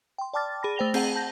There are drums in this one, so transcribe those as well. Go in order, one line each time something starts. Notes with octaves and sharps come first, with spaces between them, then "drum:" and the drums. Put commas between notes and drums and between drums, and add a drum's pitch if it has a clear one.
G5 C6
D5 G5 A5 D6 F6 A6
G#4 B5 A#6
A3 C5 G5 A#6 F7 G7
C4 G#4 F#5 D#7 F#7, drum: cymbal
A5 G6 A#6